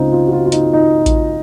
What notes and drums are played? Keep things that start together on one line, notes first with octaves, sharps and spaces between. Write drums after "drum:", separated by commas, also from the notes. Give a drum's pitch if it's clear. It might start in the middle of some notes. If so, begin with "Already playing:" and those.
Already playing: C#2 C#3 C4 D#4 F4
F4
F#4
F4
F4
D#4, drum: hi-hat
D#4
drum: kick A1, hi-hat